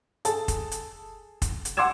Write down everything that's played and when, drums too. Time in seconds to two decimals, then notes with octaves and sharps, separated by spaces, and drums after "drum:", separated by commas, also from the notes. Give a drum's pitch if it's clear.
0.25 G#4 A4 A5, drum: hi-hat
0.48 drum: kick, hi-hat
0.72 drum: hi-hat
1.42 drum: kick, hi-hat
1.65 drum: hi-hat
1.77 F#5 C6 D6 E6 G#6 E7